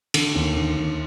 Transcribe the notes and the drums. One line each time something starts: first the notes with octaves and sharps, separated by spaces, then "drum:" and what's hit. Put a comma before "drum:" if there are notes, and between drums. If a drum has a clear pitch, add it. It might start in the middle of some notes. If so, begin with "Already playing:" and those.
D3, drum: cymbal
D#2
D3
D#2